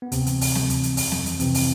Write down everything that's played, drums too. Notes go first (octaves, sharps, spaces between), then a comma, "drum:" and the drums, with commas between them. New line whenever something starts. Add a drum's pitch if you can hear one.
B3
D2 C3 C4, drum: hi-hat
E3, drum: hi-hat
D2, drum: open hi-hat
C3, drum: snare
D2, drum: hi-hat
E3, drum: hi-hat
F2, drum: open hi-hat
F2, drum: snare
E3, drum: hi-hat
C3 E3 C4, drum: hi-hat
drum: open hi-hat